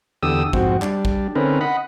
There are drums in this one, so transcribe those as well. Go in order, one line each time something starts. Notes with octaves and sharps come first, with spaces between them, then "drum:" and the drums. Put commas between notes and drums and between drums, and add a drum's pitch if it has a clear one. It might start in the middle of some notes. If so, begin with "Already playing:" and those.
E2 D3 G4 D#6 E6
F2 G#2 C4 F#4, drum: kick
G3 D4, drum: clap
drum: kick
D3 C4 C#4 D#4 A#4 B4
D#5 F#5 B5